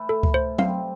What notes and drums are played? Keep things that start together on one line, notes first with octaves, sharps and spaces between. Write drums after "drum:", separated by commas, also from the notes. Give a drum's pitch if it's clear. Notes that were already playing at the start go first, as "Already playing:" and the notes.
Already playing: A2 E3 A3
A4
drum: kick C#2
C5
C3 G3 C4 F5, drum: tom F#3